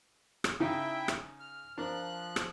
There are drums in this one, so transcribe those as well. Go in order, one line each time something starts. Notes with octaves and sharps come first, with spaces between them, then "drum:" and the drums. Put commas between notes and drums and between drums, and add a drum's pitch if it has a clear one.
drum: rim click
C#3 D#4 E4 E5 G5
drum: rim click
F6
F3 D4 A#4 F#6
drum: rim click